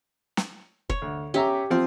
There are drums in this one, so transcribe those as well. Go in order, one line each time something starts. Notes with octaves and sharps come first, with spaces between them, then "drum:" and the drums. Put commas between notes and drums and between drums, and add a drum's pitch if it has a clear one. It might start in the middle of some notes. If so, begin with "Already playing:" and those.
drum: snare
C#5, drum: kick
D2
C#4 G4 E5 A#5
F3 C4 F4